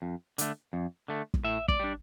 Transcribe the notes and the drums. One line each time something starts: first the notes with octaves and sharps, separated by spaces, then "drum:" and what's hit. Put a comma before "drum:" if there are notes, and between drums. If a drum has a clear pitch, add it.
F2
D3 A3, drum: hi-hat
F2
D3 A3
drum: kick
A2 E5
D5, drum: kick
G3 D4